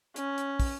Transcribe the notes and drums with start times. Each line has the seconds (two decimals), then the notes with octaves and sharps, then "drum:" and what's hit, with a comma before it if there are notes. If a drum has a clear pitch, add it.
0.16 C#4, drum: hi-hat
0.38 drum: hi-hat
0.60 drum: kick, open hi-hat